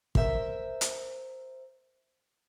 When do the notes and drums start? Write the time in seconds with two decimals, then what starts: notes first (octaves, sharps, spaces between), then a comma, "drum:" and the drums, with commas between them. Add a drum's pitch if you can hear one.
0.15 A#4 C5 E5, drum: kick
0.81 drum: hi-hat